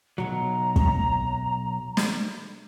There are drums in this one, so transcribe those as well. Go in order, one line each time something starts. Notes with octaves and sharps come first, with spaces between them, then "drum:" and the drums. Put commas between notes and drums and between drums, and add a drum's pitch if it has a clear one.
B1 F#3 A#5
drum: kick
drum: snare